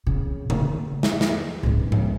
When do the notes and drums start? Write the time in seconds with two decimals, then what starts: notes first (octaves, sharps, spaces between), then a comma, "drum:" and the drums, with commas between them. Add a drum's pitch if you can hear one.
0.07 C#3
0.50 D3 A#3, drum: tom C#3
1.03 drum: snare
1.21 drum: snare
1.63 C#2 G#2
1.92 drum: tom G#2